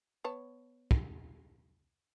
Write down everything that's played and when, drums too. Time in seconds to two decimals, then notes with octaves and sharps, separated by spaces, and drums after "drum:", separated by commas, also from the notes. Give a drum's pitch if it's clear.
0.24 B3 C#5 A5
0.91 drum: kick